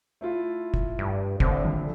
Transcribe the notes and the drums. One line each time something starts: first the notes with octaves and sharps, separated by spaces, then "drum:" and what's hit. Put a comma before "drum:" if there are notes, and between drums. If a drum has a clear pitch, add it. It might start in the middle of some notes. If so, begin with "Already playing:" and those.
A3 E4 F4
drum: kick
G2
A2 D3 C4, drum: kick
A#1